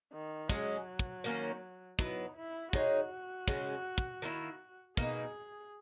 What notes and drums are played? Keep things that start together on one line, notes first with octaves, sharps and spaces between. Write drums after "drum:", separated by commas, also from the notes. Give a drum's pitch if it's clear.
D#3
F#3 G#3 C#4 G#4, drum: kick
drum: kick
D#3 A#3 C#4
F#3 B3 D#4 E4 B4, drum: kick
E4
G#3 D#4 F#4 G#4 C#5, drum: kick
C#3 G#3 C#4, drum: kick
drum: kick
D#3 A#3 E4
B2 A#3 D#4 G#4, drum: kick